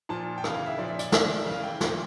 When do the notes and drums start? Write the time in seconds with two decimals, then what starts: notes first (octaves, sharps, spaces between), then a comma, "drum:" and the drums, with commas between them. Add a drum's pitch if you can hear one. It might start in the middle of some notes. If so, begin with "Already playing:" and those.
0.09 A#2 F3 A5
0.38 G5
0.44 C#3 E3 F5, drum: rim click
0.55 F5
0.66 E5
0.79 A#2 F3 D5
0.88 E5
0.99 D5, drum: hi-hat
1.12 C#3 F3, drum: snare
1.37 E5
1.46 C#3 E3 F5
1.63 G5
1.81 A#2 F3 G5, drum: snare